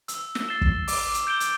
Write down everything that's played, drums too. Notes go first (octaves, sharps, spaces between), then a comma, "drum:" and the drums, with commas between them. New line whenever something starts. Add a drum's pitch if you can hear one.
E6, drum: hi-hat
drum: snare
A6 C7 E7 G7
drum: kick
D6, drum: open hi-hat
drum: hi-hat
G6 D7 G7
drum: hi-hat